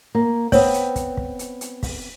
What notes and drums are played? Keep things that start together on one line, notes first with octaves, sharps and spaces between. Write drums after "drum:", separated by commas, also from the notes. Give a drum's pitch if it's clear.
A#3
B3 C4 C#5, drum: kick, open hi-hat
drum: hi-hat
drum: kick, hi-hat
drum: kick
drum: hi-hat
drum: hi-hat
drum: kick, open hi-hat